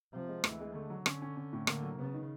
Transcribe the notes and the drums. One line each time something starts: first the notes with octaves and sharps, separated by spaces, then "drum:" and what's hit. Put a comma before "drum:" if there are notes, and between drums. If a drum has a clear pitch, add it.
C3 F3
G#3
D2 E3, drum: rim click
G#3
D3 A3
F#3
D3 C#4, drum: rim click
C#4
C#4
A2
D3 A#3, drum: rim click
F#3
C#3 B3
D#3